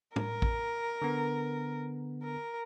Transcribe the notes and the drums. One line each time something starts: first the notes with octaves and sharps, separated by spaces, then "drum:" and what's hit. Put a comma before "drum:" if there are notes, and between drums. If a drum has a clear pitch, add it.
A#4, drum: tom
drum: kick A1
D3 B3
A#4